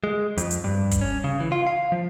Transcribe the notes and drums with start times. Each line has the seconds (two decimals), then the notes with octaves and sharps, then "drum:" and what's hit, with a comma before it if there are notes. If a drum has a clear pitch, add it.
0.04 G#3
0.38 F2, drum: hi-hat
0.51 drum: hi-hat
0.64 G2
0.91 drum: kick, hi-hat
1.01 C#4
1.24 C#3
1.40 E3
1.52 F4
1.67 F5
1.92 F3